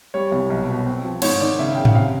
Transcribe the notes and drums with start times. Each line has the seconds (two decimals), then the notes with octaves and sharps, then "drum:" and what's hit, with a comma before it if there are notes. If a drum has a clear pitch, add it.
0.14 G3 C#5
0.32 C2
0.50 B1
0.68 B2
0.86 C4
1.04 F3
1.22 G#2 C#5, drum: cymbal
1.41 D#3 D5
1.59 C#3 E5
1.75 C#3 G5
1.85 F#5, drum: tom G#2
1.94 C3 F5